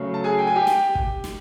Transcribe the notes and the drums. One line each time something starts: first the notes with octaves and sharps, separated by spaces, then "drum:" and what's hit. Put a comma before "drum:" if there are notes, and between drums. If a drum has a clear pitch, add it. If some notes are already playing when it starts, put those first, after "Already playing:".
Already playing: C#3 F#3 A3
A5
G#4 G#5
G5
G#5
G4 G5
drum: snare
drum: kick
drum: snare